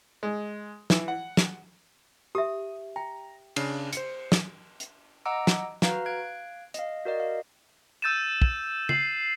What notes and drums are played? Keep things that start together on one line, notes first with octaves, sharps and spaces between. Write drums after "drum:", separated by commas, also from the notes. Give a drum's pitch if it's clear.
G#3
E3, drum: snare
F#5
drum: snare
G4 E5 D#6
G5 A#5
C#3 D4 C7, drum: cymbal
C5 C#7, drum: hi-hat
drum: snare
drum: hi-hat
D#5 F#5 A#5 D6 E6 D7
drum: snare
F#4 B4 F5 A#5 F6, drum: snare
F5 F#6 G#6 D7
D#5 F5, drum: hi-hat
F#4 A#4 D5 D#5
F5
E6 G6 A6 D#7 E7
drum: kick
C7 F#7, drum: tom